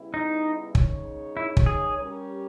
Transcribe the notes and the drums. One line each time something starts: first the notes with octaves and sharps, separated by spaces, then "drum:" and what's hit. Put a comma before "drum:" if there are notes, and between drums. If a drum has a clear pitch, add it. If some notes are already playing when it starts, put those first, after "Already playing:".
Already playing: C#3 G3 B3 E4
D#4
C#3 G#3 D#4 A#4 C#5, drum: kick
E4
drum: kick
G#4
G3 C#4 G4 A#4